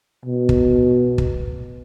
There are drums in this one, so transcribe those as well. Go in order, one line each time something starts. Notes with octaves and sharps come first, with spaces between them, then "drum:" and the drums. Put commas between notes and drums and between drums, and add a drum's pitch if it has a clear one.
B2
drum: kick
drum: kick